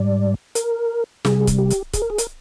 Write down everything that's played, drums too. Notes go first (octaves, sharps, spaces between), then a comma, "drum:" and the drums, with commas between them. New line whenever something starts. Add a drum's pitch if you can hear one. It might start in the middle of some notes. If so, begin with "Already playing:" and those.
Already playing: G#2 G3 D5
A#4, drum: hi-hat
C3 G3 G#4, drum: snare
drum: kick, hi-hat
G4
drum: hi-hat
G#4, drum: kick, hi-hat
A#4
G#4
A#4, drum: hi-hat